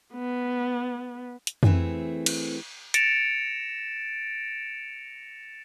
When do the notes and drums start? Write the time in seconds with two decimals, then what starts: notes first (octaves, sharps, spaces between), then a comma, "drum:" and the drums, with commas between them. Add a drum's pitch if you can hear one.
0.14 B3
1.47 drum: hi-hat
1.63 E3 A3 C4 G#4, drum: tom F2
2.26 drum: cymbal
2.94 A6 A#6 C#7 D7 E7 F7, drum: hi-hat